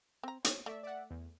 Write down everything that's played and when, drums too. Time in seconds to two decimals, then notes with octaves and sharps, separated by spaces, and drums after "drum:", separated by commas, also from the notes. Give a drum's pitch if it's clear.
0.23 C4 A#5
0.45 A4 C5 C#5, drum: hi-hat
0.66 A3 D5 E5
0.83 D5 E5 F#5
1.10 E2